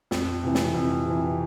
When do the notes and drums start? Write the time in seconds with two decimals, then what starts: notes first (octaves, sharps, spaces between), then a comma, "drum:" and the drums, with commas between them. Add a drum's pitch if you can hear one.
0.11 F2, drum: snare
0.43 C3 E3
0.55 drum: snare
0.75 F2
1.06 C3 E3